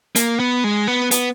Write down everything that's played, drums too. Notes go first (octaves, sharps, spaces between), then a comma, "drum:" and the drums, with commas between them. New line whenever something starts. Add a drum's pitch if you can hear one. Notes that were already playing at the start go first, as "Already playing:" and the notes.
A#3, drum: hi-hat
B3
G#3
B3
B3, drum: hi-hat